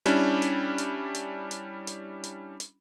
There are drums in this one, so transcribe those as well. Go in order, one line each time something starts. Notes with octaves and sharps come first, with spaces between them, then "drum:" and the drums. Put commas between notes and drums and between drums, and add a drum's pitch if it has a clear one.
G3 C#4 D4 E4, drum: hi-hat
drum: hi-hat
drum: hi-hat
drum: hi-hat
drum: hi-hat
drum: hi-hat
drum: hi-hat
drum: hi-hat